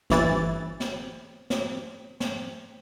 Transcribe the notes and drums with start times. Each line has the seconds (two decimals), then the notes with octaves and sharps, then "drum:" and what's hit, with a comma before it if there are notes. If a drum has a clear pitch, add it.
0.10 G1 E3 A6, drum: snare
0.80 drum: snare
1.50 drum: snare
2.20 drum: snare